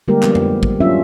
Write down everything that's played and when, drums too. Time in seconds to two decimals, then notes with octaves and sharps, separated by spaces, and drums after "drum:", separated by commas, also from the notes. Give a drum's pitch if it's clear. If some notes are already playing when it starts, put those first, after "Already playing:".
0.08 D3 G3 G#3 A#3 G4 A#4
0.23 F3 G3 B3 A#4, drum: clap
0.35 drum: tom F2
0.63 drum: kick
0.80 F#3 C#4 D4 F4 E5